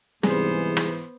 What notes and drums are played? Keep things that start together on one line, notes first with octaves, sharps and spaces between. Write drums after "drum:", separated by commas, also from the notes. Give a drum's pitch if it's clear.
G#2 C3 E3 G3 B3 G#4 C5, drum: snare
drum: rim click